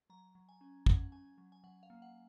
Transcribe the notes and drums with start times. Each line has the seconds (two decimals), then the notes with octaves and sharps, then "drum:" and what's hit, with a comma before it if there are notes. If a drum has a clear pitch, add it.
0.10 F#3 A#5
0.35 F#3
0.49 G#5
0.61 C#4
0.86 C#4 F#5, drum: kick
1.12 C#4 G#5
1.38 F#3
1.52 G#5
1.64 F#3 F#5
1.83 F5
1.90 A#3
2.02 F#5